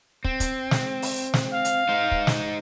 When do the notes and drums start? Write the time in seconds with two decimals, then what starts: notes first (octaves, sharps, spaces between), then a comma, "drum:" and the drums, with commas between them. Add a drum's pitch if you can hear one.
0.24 C4, drum: kick
0.40 drum: kick, hi-hat
0.71 drum: snare
1.02 drum: open hi-hat
1.34 drum: snare
1.53 F5
1.65 drum: hi-hat
1.89 D#4 C5
2.11 drum: kick
2.27 drum: snare